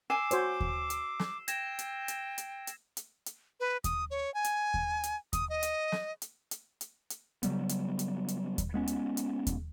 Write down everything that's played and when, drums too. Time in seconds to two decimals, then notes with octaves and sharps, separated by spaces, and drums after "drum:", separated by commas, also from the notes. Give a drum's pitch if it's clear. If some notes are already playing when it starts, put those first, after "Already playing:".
0.10 G#5 D6 E6 C7 E7
0.31 F#4 C5 C#5, drum: hi-hat
0.60 drum: kick D#2
0.90 drum: hi-hat
1.20 drum: snare
1.48 G5 G#6 A#6 E7, drum: hi-hat
1.79 drum: hi-hat
2.08 drum: hi-hat
2.38 drum: hi-hat
2.67 drum: hi-hat
2.97 drum: hi-hat
3.26 drum: hi-hat
3.60 B4
3.84 D#6, drum: kick D#2, hi-hat
4.11 C#5
4.34 G#5
4.44 drum: hi-hat
4.74 drum: kick D#2
5.04 drum: hi-hat
5.33 D#6, drum: kick D#2, hi-hat
5.50 D#5
5.63 drum: hi-hat
5.92 drum: snare
6.22 drum: hi-hat
6.51 drum: hi-hat
6.81 drum: hi-hat
7.10 drum: hi-hat
7.43 C#3 F#3 G3 B3, drum: hi-hat
7.69 drum: hi-hat
7.99 drum: hi-hat
8.28 drum: hi-hat
8.58 drum: kick D#2, hi-hat
8.74 G#3 B3 C#4
8.88 drum: hi-hat
9.17 drum: hi-hat
9.47 drum: kick D#2, hi-hat